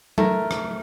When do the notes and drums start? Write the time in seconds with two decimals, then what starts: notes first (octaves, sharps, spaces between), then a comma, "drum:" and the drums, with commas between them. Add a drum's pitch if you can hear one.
0.18 A3 A#4, drum: tom F#3
0.51 drum: rim click